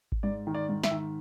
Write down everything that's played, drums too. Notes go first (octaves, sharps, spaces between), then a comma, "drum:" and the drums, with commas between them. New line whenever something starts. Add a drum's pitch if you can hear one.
drum: kick G#1
G#2 D5
D#3
D5
G#2
E5, drum: snare
D#3